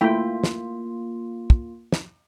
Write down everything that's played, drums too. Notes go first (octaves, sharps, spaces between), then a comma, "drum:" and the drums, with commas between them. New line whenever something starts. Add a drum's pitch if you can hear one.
A3 A#3 E4 F4 G5
drum: snare
drum: kick
drum: snare